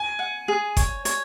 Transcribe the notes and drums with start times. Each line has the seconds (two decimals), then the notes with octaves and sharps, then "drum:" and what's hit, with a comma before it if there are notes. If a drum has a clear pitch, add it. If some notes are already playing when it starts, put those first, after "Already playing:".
Already playing: G#5
0.19 F#5
0.48 G#4
0.77 C#5, drum: kick G1, hi-hat
1.05 C#5, drum: hi-hat